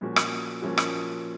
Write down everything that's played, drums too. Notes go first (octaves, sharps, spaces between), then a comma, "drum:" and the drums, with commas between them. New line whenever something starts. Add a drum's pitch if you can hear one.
A#2 F3 A#3 C#4 F#4
drum: rim click
A#2 F3 A#3 C#4 F#4
drum: rim click